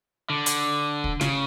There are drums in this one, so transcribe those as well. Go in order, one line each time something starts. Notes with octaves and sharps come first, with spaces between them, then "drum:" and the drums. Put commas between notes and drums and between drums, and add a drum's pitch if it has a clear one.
D3
drum: hi-hat
drum: kick
C#3, drum: snare